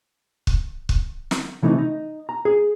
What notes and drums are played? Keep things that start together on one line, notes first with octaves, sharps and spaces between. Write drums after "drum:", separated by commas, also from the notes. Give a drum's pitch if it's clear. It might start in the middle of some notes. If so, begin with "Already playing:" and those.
drum: kick
drum: kick
drum: snare
C3 E3 A3 D#4
D#4
A#5
G#4